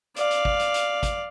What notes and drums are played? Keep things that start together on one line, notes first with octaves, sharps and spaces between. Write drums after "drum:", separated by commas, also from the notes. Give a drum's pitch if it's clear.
D5 F5, drum: hi-hat
drum: hi-hat
drum: kick
drum: hi-hat
drum: hi-hat
drum: kick, hi-hat